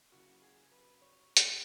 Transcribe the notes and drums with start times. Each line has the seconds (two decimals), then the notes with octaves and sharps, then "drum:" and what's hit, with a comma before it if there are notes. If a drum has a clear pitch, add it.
0.11 C#3 F#3 A#3 E4 F#4
0.42 G#4
0.72 B4
1.02 C#5
1.37 drum: hi-hat
1.47 B4